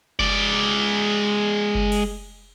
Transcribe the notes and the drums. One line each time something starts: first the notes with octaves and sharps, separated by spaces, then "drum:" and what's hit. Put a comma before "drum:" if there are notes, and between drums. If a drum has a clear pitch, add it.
G#3 D5, drum: kick F#1
drum: kick F#1
drum: cymbal